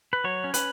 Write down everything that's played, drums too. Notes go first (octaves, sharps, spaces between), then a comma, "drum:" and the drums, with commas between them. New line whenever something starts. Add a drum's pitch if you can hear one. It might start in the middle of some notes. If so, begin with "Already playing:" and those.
B4
F#3 C#5
C#4
B4, drum: hi-hat